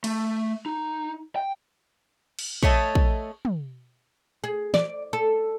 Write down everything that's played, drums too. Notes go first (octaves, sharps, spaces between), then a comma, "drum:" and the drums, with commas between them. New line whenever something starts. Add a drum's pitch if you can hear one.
A3, drum: cymbal
D#4
G5
drum: cymbal
A3 C#5 D#5 A5, drum: kick
drum: kick
drum: tom
G#4
D5, drum: snare
A4